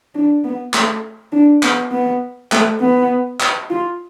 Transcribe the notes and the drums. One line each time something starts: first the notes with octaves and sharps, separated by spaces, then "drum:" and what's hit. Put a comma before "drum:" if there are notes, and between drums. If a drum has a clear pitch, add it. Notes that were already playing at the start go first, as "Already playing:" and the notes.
D4
B3
A3, drum: clap
D4
B3, drum: clap
B3
A3, drum: clap
B3
drum: clap
F4